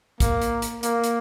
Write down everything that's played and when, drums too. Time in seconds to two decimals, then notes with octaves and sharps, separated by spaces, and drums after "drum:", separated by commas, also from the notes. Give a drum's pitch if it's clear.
0.20 A#3, drum: kick, hi-hat
0.42 drum: hi-hat
0.62 drum: hi-hat
0.83 A#3, drum: hi-hat
1.04 drum: hi-hat